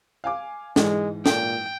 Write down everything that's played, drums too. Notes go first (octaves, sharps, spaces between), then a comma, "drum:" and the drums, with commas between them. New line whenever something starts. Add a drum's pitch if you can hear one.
F5 G#5 D6
G#2 E3 G#3, drum: snare
A#2 G5, drum: snare